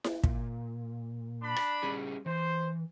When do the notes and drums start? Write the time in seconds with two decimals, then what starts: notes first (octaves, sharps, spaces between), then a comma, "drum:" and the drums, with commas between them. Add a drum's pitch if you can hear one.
0.04 drum: snare E4
0.24 A#2, drum: kick
1.42 D4 B5
1.56 drum: rim click
1.83 G3 C#4 G#4
2.26 E3 C5